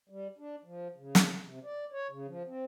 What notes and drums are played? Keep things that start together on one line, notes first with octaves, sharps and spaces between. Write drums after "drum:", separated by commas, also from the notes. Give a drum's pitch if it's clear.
G3
D4
F3
C#3
drum: snare
C3
D5
C#5
C#3
F3
C4